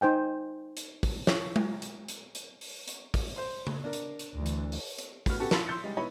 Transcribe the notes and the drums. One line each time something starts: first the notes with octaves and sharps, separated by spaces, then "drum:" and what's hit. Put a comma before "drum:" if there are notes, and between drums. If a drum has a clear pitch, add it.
D#4 C5 G5 G#5
drum: hi-hat
drum: kick, open hi-hat
C#5, drum: snare
drum: tom G#3
drum: hi-hat
drum: hi-hat
drum: hi-hat
drum: open hi-hat
drum: hi-hat
drum: kick, open hi-hat
C5 C6
drum: tom C#3
D4 A#4
drum: hi-hat
drum: hi-hat
D2 E3
drum: hi-hat
drum: open hi-hat
drum: hi-hat
A2 B3 F#4 F6, drum: kick, open hi-hat
B3 C#4 F#4 G4 A4
A5 B5 C6 E6 A6 B6, drum: snare
C6 E6 G6 A6 C#7
G3 G#3
B3 D#4 E4 C#5 D#5 B5